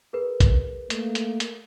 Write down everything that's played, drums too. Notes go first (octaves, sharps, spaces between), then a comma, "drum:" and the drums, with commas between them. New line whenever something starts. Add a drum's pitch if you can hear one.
G#4 A#4 B4
drum: kick A1, hi-hat
A3 A#3, drum: hi-hat
drum: hi-hat
drum: hi-hat